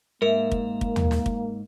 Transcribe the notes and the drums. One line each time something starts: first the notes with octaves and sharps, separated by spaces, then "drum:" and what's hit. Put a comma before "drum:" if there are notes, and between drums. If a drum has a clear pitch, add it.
G#2 A#3 A#4 E5
drum: kick
drum: kick
drum: tom
drum: snare
drum: kick